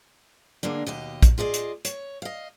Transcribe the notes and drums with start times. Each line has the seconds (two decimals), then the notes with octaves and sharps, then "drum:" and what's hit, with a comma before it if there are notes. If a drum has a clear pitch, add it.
0.63 D3 G#3 A#3 D4
0.86 D#2 B2 G4 D#5
1.23 drum: kick, hi-hat
1.38 F4 G#4 D5 D#5
1.54 drum: hi-hat
1.85 C#5, drum: hi-hat
2.22 D#5 F5